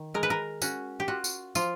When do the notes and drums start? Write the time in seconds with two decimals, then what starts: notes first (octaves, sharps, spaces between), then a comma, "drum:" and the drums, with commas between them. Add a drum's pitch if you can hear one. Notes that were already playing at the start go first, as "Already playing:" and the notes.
Already playing: D#3
0.14 G#3 A#4
0.23 B4
0.30 A#4
0.62 C#4 F#4, drum: tambourine
1.00 G4
1.08 F4 F#4
1.24 drum: tambourine
1.55 F3 F4, drum: tambourine